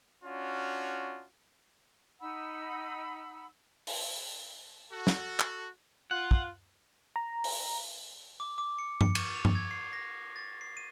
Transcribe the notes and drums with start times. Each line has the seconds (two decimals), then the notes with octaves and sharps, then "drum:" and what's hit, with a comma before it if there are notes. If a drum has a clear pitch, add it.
0.24 C#4 D4 F4 F#4
2.20 D#4 F#5 B5 E6
3.87 drum: open hi-hat
4.91 F#4 A4
5.07 drum: snare
5.39 drum: clap
6.11 F4 F#5
6.31 drum: kick
7.16 A#5
7.44 drum: open hi-hat
8.40 D6
8.58 D6
8.79 C#7
9.01 C#7, drum: tom G2
9.15 C#6, drum: cymbal
9.35 F7
9.45 drum: tom G2
9.55 G#6
9.71 C7
9.93 A#6
10.36 A6
10.61 C7
10.77 D#7